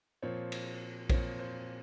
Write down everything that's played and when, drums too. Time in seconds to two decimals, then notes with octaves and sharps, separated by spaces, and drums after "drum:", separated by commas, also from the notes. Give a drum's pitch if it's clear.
0.22 A#2 F3 C4 C#5
0.52 drum: cymbal
1.10 A#2 F3 C4 C#5, drum: kick A#1, cymbal
1.39 C5